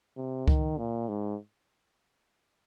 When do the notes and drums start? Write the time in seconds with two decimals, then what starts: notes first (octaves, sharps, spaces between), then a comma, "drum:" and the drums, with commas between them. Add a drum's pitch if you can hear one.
0.17 C3
0.48 D#3, drum: kick C#2
0.78 A#2
1.09 G#2